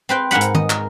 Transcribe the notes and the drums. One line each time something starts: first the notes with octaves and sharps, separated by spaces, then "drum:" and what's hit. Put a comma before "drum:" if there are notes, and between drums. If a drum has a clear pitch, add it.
C4 B4 G5
G#2 A#4 B4 F#5 B5
drum: hi-hat
D#5, drum: tom
A#4, drum: clap